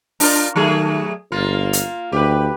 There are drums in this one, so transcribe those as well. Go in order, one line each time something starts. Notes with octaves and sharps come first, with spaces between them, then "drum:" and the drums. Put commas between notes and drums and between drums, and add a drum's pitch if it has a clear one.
D4 F4 A#4, drum: open hi-hat
D#3 F#3 A3 G#4
G1 A#3 F4
drum: hi-hat
D2 G4 B4